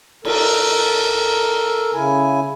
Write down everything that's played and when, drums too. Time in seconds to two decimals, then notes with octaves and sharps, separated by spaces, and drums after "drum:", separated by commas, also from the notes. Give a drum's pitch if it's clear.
0.25 A4 A#4, drum: cymbal
1.94 C#3 E4 G#5